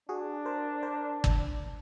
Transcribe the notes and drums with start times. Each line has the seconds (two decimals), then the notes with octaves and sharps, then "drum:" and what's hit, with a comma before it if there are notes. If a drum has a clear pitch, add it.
0.09 D4 F#4 G#4
0.46 A#4 C5
0.83 A#4 C5
1.24 drum: kick